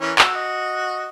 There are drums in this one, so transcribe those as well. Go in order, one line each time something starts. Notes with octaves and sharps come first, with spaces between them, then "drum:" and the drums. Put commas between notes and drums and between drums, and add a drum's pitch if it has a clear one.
E3 C#4 A#4
F#4 E6, drum: clap
D#5